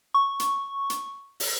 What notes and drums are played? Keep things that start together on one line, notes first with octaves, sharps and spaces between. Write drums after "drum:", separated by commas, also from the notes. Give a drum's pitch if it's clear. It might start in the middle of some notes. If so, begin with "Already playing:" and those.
C#6
drum: hi-hat
drum: hi-hat
drum: open hi-hat